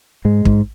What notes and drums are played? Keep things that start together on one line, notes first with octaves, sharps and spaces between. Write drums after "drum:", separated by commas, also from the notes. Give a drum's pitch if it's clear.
G#2 G#3
G#2, drum: kick